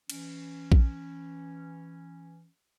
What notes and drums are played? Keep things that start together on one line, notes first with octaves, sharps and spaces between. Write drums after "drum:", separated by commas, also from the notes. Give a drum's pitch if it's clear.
E3 C#4, drum: cymbal
drum: kick A#1